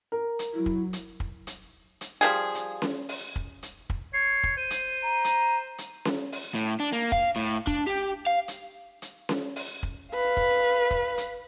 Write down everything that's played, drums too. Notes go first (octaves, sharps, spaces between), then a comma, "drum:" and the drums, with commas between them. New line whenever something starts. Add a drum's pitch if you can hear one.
A#4
drum: hi-hat
F#3 E4
drum: kick
drum: hi-hat
drum: kick
drum: hi-hat
drum: hi-hat
F3 G3 G#4
drum: hi-hat
drum: snare C#4
drum: open hi-hat
drum: kick
drum: hi-hat
drum: kick
C#5 C7
drum: kick
C5 D#7
drum: hi-hat
A#5
drum: hi-hat
drum: hi-hat
drum: snare C#4
drum: open hi-hat
A2
D4
A#3
F5, drum: kick
A2
D4, drum: kick
G4
F5
drum: hi-hat
drum: hi-hat
drum: snare C#4
drum: open hi-hat
drum: kick
B4 F5
drum: kick
drum: kick
drum: hi-hat